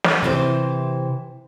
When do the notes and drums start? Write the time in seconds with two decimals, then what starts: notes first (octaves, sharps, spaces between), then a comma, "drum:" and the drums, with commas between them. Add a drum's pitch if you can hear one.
0.04 drum: snare
0.23 C3 E3 C5